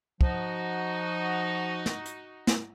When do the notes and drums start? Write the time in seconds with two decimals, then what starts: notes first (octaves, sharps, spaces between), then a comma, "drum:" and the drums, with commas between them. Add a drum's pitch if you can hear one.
0.21 F3 D#4 F#4, drum: kick
1.86 drum: snare
2.06 drum: hi-hat
2.47 drum: snare